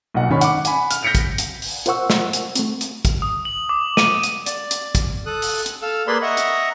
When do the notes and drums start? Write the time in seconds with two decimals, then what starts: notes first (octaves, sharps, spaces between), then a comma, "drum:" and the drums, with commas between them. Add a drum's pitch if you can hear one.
0.14 B1 A#2 F#5
0.29 G#1 D#3 C#4 B5
0.41 F#5 D6, drum: hi-hat
0.65 F#5 G#5 B5, drum: hi-hat
0.91 F6, drum: hi-hat
1.03 G6 A#6 B6 C#7 D7 F7
1.15 drum: kick, hi-hat
1.38 drum: hi-hat
1.62 drum: open hi-hat
1.86 F4 A#4 C5 F#5 C#6 E6, drum: hi-hat
2.10 drum: snare
2.33 drum: hi-hat
2.56 A3 C4, drum: hi-hat
2.81 drum: hi-hat
3.05 drum: kick, hi-hat
3.22 D#6
3.45 F#7
3.69 D6
3.97 D#7, drum: snare
4.23 drum: hi-hat
4.46 D5, drum: hi-hat
4.71 drum: hi-hat
4.95 drum: kick, hi-hat
5.26 A4 D#6 F#6
5.42 drum: open hi-hat
5.66 drum: hi-hat
5.82 A4 F5 E6
6.07 A#3 G#4 B4 D5 B5 C6
6.22 D#5 E5 F#5 A#5 C#6
6.37 drum: hi-hat